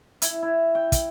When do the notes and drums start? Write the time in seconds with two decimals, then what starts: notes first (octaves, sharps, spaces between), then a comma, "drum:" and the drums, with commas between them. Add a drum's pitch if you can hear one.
0.22 E4, drum: hi-hat
0.42 E4
0.75 G5
0.92 drum: kick, hi-hat